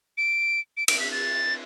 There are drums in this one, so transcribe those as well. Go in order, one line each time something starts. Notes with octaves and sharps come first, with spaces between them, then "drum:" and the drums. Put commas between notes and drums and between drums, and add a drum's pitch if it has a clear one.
D7
D7
D7, drum: cymbal
B6
A6